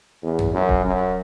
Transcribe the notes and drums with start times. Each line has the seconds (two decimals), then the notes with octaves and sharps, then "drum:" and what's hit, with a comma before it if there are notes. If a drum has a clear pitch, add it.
0.23 E2
0.39 drum: tom F2
0.54 F#2
0.69 drum: kick D#1
0.85 F#2